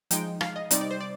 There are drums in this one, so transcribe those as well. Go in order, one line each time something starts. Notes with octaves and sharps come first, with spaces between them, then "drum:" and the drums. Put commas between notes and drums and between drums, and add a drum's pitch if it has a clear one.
F3 G#3 D#4 G5, drum: hi-hat
F5, drum: rim click
D#5
C3 G3 C4 D#4 D5, drum: hi-hat
D5
C5
D5